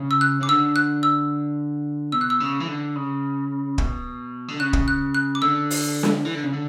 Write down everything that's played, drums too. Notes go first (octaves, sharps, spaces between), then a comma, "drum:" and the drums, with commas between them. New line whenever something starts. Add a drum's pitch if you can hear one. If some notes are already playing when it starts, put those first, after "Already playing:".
Already playing: C#3
E6
F#6
C#3 D6
D3 E6
F#6
E6
B2 E6
F#6
E6
C#3
E3
D3
C#3
B2, drum: kick
D3
C#3 F#6
drum: kick
F#6
F#6
D6
D3 E6
drum: open hi-hat
drum: snare
E3
D3
C#3
D3